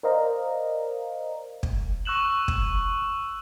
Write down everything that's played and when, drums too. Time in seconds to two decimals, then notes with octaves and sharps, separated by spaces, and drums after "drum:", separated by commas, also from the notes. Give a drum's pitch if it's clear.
0.03 A#4 C5 D5 D#5 F5 A#5
1.63 drum: kick
2.05 C#6 E6 F#6 E7 F#7
2.48 drum: kick